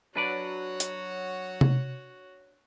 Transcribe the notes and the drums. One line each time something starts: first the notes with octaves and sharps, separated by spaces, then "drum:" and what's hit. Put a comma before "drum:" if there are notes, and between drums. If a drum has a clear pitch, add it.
F#3 D4 F#4 B4 C#5 D5
drum: hi-hat
drum: tom C3